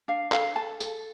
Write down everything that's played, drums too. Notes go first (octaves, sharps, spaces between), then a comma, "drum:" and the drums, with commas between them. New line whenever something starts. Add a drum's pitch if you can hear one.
D4 F5
A4 F5, drum: clap
A4 A5
A4, drum: tambourine